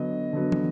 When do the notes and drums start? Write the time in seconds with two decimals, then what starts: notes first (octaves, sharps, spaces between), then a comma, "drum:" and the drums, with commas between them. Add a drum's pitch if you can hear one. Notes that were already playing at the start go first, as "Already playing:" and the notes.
Already playing: D3 F#3 B3 D#5
0.33 D3 F#3 B3
0.52 drum: tom